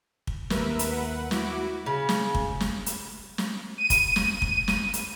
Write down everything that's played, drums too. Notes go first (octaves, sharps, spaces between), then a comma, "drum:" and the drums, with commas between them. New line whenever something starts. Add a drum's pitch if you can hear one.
drum: kick
D#2 A#4 B4 E5, drum: snare
drum: hi-hat
B4 F#5
E4 F#4 D6, drum: snare
C#3
drum: snare
drum: kick
drum: snare
drum: hi-hat
drum: snare
D#7
drum: kick, hi-hat
drum: snare
drum: kick
drum: snare
drum: hi-hat